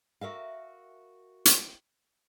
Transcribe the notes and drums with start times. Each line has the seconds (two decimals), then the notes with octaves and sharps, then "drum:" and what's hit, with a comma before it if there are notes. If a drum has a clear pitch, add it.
0.21 F#4 A#4 E5 F5
1.45 drum: hi-hat